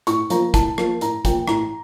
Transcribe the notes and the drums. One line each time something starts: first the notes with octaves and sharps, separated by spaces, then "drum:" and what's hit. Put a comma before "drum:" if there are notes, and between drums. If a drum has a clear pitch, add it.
A2 C#6, drum: hi-hat
F3 A#3 A#5, drum: hi-hat
A2 A5, drum: kick, hi-hat
F3 A#3, drum: rim click
A2 A#5, drum: hi-hat
F3 A#3 G5, drum: kick, hi-hat
A2 A#5, drum: rim click